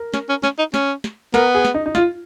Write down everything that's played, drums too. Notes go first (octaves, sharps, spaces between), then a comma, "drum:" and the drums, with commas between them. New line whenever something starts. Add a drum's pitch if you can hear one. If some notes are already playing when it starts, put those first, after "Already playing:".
Already playing: A#4
C#4, drum: snare
C#4
C#4, drum: snare
D#4
C#4, drum: snare
drum: snare
B3 A#4, drum: snare
G#4
drum: snare
D#4
D#4
F4, drum: snare